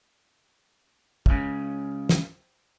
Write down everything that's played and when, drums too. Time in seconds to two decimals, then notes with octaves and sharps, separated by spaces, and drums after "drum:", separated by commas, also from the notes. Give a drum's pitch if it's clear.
1.26 C#2 C#3, drum: kick
2.09 drum: snare